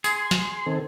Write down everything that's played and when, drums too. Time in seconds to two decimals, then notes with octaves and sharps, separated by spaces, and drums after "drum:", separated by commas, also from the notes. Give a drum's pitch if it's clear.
0.04 G#4 C6, drum: tambourine
0.31 drum: snare
0.66 D#3 C4 A4